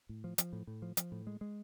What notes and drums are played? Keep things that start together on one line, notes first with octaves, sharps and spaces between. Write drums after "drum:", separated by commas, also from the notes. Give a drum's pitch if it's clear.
A2
F3
F3, drum: hi-hat
A2
A2
F3
F3, drum: hi-hat
A2
G#3
G#3